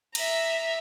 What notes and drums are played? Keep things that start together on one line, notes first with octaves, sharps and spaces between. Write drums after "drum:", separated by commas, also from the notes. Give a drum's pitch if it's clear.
E5 A#5, drum: cymbal